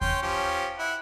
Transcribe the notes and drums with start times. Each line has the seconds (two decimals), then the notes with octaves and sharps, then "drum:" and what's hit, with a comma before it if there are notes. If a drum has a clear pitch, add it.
0.01 C#4 G5 C6, drum: kick D#2
0.22 F3 C#4 G4
0.79 E4 F#5